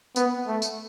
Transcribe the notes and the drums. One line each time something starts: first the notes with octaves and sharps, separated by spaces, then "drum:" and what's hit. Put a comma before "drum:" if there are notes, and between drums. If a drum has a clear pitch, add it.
B3, drum: tambourine
A3
drum: tambourine